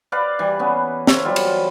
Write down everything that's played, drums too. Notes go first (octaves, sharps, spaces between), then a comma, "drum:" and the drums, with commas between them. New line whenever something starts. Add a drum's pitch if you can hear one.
B4 D5 F5 A#5
E3 G3
B3 C#4
A#4 C5 C#5 E5, drum: snare
E3 F#3 G3 F4
drum: cymbal